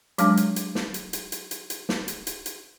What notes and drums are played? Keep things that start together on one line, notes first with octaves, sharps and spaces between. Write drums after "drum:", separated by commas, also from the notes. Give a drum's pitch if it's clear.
F#3 G#3 D4, drum: hi-hat
drum: hi-hat
drum: hi-hat
drum: snare
drum: hi-hat
drum: hi-hat
drum: hi-hat
drum: hi-hat
drum: hi-hat
drum: snare
drum: hi-hat
drum: hi-hat
drum: hi-hat